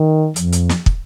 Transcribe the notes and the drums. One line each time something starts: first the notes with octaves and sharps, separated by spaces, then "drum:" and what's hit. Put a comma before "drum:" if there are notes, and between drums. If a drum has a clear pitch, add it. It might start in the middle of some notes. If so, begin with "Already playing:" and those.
Already playing: D#3
F2, drum: hi-hat
drum: hi-hat
drum: snare
drum: kick